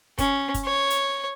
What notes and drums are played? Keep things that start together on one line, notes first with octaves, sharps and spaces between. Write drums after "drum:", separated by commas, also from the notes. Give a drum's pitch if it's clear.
C#4, drum: kick, hi-hat
drum: kick, hi-hat
C#5
drum: hi-hat